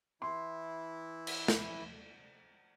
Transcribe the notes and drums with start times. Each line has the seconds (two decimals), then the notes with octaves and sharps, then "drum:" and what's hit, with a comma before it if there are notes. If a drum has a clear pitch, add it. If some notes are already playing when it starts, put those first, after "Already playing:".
0.22 E3 E4 C6
1.27 drum: cymbal
1.48 drum: snare